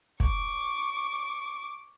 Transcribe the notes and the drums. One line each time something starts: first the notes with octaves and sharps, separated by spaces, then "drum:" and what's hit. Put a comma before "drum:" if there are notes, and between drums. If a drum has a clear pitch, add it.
C#6 D6, drum: kick